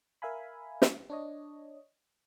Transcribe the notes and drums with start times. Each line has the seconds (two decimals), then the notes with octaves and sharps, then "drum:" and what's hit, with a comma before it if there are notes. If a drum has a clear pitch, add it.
0.22 A#4 E5 F5 G#5 B5
0.82 drum: snare
1.10 D4 C#5 D#5